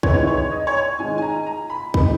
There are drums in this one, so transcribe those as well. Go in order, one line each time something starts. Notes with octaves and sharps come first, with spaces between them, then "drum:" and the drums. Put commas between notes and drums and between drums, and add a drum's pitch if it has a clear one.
D#3 G#3 B3 E4 C#5, drum: kick
C#5
D#5
C#5
G#2 D#3 G#3 G#5
G#5
A#5
A#5
B5
D#3 G#3 B5, drum: kick